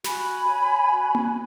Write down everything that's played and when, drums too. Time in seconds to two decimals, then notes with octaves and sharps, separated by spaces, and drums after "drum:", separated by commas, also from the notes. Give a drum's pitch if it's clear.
0.04 F#4 G#5 B5, drum: snare
0.47 C#5
0.90 F#4
1.15 drum: tom A#3